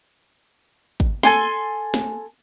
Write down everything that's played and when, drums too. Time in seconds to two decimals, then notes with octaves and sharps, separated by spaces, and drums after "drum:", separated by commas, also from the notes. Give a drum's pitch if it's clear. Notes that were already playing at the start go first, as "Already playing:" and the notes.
1.00 drum: kick
1.23 A4 G#5 C6, drum: snare
1.94 drum: snare